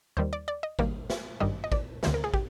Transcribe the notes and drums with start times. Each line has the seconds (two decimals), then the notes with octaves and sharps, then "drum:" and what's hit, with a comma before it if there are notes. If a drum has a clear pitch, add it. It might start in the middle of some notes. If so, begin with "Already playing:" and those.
0.17 D#2 D#3 G3 C5
0.33 D5
0.48 D5
0.63 D#5
0.79 G#1 G2 D#3 G3 A#3, drum: kick
1.10 drum: snare
1.40 G#1 G2 D#3 G3 D#5
1.64 D#5
1.72 D5, drum: kick
2.03 D2 C3 D#3 G#3 C5, drum: snare
2.14 A#4
2.24 G#4
2.34 G4, drum: kick